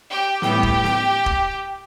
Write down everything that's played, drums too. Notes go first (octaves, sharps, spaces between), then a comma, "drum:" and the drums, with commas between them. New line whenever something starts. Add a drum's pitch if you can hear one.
G4 G5
A2 E3 G3 B3 G4 G5, drum: snare
drum: kick
drum: snare
drum: kick